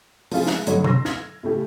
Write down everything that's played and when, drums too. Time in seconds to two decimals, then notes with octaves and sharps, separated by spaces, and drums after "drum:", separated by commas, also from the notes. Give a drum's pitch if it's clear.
0.31 F3 C4 E4 F4 G#4 F5, drum: open hi-hat
0.47 G#3 F4 E5 F#6, drum: snare
0.67 G2 D3 F#3 A3 D#4 C#5, drum: hi-hat
0.84 C6 E6 A#6, drum: tom B2
1.05 F6 G#6, drum: snare
1.43 A2 C#3 A3 G4